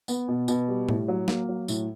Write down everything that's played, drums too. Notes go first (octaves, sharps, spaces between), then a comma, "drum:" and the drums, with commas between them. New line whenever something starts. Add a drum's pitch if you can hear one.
B3, drum: tambourine
B2
B2, drum: tambourine
G3
A2, drum: tom A2
F#3
A#3, drum: snare
F#3
A2, drum: tambourine